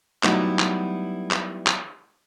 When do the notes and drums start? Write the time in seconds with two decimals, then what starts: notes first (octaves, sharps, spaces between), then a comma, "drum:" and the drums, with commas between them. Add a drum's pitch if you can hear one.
0.23 F#3 G3 A3 B3 D#4 E4, drum: clap
0.59 drum: clap
1.31 drum: clap
1.67 drum: clap